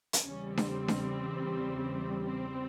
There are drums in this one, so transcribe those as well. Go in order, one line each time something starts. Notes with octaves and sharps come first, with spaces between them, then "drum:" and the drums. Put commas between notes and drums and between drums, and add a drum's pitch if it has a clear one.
drum: hi-hat
E2 C#3 E3 G3 C#4
C4, drum: snare D4
drum: snare D4
C4